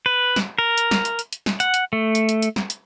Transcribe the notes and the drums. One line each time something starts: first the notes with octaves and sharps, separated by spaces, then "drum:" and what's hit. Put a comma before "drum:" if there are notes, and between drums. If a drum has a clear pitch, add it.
B4
drum: snare
A#4
drum: hi-hat
drum: snare
drum: hi-hat
drum: hi-hat
drum: hi-hat
drum: snare
F#5, drum: hi-hat
drum: hi-hat
A3
drum: hi-hat
drum: hi-hat
drum: hi-hat
drum: snare
drum: hi-hat